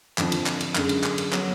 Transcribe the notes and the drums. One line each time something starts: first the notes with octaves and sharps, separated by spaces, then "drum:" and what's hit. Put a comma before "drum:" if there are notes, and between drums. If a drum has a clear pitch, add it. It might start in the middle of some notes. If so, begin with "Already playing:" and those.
F2 D3 F3, drum: clap
drum: cymbal
drum: clap
drum: cymbal
F#2 D3 G#3, drum: clap
drum: cymbal
drum: clap
drum: cymbal
F#3 B3, drum: clap